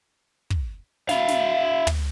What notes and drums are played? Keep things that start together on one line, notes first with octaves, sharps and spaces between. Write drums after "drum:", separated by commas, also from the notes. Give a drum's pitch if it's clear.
drum: kick
E4 F5, drum: snare
drum: snare
drum: tom